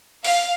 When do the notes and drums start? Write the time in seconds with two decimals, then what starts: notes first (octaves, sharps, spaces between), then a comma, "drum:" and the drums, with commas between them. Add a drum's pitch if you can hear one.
0.24 F5, drum: open hi-hat